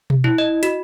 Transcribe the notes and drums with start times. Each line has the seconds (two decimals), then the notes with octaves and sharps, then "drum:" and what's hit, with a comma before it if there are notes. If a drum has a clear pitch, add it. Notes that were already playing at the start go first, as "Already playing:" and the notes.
0.10 drum: tom
0.24 E4, drum: tom
0.38 D#5
0.63 F#4, drum: hi-hat